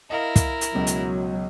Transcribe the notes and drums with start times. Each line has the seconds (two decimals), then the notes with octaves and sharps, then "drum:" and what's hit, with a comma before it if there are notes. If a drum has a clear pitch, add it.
0.10 E4 A#4 D#5 F5
0.36 drum: kick, hi-hat
0.61 drum: hi-hat
0.74 C#2 B2 F#3
0.87 drum: hi-hat